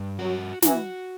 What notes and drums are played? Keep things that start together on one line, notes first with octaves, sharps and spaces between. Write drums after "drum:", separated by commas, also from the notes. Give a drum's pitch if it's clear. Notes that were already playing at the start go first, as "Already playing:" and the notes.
Already playing: G2
F#3 F#4
E3 F#4, drum: snare